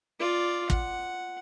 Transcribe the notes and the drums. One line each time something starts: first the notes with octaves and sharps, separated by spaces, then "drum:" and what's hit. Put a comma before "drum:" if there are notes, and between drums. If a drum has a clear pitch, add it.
F4 D5
F#5, drum: kick